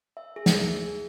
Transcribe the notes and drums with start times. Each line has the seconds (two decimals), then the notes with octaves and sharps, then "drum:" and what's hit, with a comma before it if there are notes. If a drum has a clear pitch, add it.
0.17 E5
0.36 G#4
0.46 drum: snare
0.57 E5
0.77 G#4